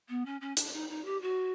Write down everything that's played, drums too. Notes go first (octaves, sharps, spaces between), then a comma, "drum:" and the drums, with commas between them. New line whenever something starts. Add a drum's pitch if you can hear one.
B3
C#4
C#4
D4, drum: hi-hat
D#4
D#4
G4
F#4